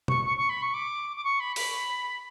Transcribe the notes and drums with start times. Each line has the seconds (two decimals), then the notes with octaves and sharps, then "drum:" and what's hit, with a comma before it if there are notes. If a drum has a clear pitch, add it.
0.08 C#6, drum: tom
0.25 C#6
0.37 C#6
0.49 B5
0.62 C#6
0.74 D6
1.16 D6
1.24 C#6
1.40 B5
1.56 B5, drum: open hi-hat